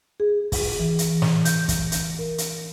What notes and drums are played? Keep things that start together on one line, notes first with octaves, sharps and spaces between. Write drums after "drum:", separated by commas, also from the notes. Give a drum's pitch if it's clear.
G#4
drum: kick, open hi-hat
E3
drum: hi-hat
drum: snare
G6, drum: hi-hat
drum: kick, hi-hat
drum: hi-hat
A#4
drum: hi-hat